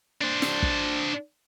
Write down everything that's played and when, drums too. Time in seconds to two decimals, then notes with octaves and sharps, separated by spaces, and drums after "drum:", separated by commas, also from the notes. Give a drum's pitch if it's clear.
0.22 D4 C5
0.42 drum: snare
0.62 drum: kick